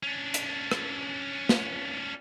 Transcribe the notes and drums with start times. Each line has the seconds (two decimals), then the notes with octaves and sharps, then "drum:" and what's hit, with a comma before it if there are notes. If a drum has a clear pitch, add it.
0.03 C#4 D4
0.34 drum: hi-hat
0.71 drum: rim click
1.49 drum: snare